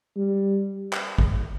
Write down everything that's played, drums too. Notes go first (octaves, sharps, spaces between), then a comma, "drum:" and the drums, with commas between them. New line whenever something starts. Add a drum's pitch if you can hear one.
G3
drum: clap
drum: kick